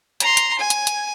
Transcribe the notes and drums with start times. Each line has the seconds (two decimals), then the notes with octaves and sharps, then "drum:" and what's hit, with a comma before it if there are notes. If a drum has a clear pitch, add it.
0.20 A#5 C6, drum: hi-hat
0.37 drum: hi-hat
0.59 G#5
0.70 drum: hi-hat
0.87 drum: hi-hat